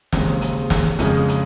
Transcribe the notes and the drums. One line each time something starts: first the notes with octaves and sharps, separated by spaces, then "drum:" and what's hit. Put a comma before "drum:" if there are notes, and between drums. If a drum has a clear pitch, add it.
D#2 C#3 G#3 C4, drum: snare
drum: hi-hat
drum: snare
F2 C#3 G#3, drum: hi-hat
drum: hi-hat